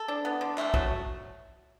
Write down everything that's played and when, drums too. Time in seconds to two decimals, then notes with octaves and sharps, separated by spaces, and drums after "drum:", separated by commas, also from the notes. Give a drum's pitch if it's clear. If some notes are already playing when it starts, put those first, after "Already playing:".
Already playing: A4
0.08 D4
0.25 B3
0.41 D3
0.58 A3, drum: clap
0.74 F#3, drum: kick